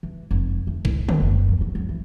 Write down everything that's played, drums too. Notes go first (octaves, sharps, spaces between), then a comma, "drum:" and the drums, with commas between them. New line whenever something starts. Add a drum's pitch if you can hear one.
E3
F1
A3
E4, drum: kick A#1
A#3, drum: tom D3
F#1
E2
F#2
F#3
E3